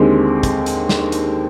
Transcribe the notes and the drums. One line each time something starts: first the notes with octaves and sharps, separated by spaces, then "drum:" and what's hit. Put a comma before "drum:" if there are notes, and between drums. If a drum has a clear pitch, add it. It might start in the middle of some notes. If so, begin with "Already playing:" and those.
Already playing: D#2 D3 G#3 C4 G4
drum: kick, hi-hat
drum: hi-hat
drum: snare
drum: hi-hat